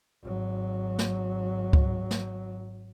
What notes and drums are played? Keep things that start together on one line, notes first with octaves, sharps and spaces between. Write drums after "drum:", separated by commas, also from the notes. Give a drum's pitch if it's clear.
G#1 F#3
drum: snare
drum: kick C#2
drum: snare